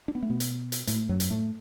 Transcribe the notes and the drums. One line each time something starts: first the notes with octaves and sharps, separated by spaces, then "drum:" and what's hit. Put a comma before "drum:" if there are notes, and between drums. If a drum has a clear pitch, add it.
D4
B3
A3
B2 B3
drum: hi-hat
drum: hi-hat
A2 A3, drum: hi-hat
F#2 F#3
drum: hi-hat
A2 A3